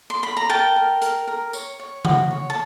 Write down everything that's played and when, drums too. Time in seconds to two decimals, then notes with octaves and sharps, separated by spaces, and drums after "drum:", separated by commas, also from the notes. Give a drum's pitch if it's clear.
0.10 C6
0.23 B5
0.37 A#5
0.49 A#4 G5 A5
0.76 A#4
1.02 A#4, drum: hi-hat
1.28 A#4
1.53 C#5, drum: tambourine
1.80 C#5
2.05 F#4, drum: tom C#3
2.31 C#5
2.50 A5